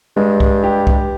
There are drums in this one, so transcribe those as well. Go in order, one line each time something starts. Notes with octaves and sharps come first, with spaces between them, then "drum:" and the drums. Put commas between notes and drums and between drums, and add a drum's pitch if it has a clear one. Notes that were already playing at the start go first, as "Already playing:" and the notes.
G2 G#3
drum: kick C2
G4
drum: kick C2